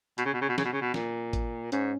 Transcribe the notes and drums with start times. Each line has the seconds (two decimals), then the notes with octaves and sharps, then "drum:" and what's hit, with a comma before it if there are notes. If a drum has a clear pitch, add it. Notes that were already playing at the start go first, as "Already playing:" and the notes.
0.18 B2, drum: hi-hat
0.25 C#3
0.34 B2
0.41 C#3
0.49 B2
0.58 C#3, drum: snare
0.65 B2
0.73 C#3
0.81 B2
0.94 A#2, drum: snare
1.33 drum: kick, hi-hat
1.72 G#2 C#4, drum: hi-hat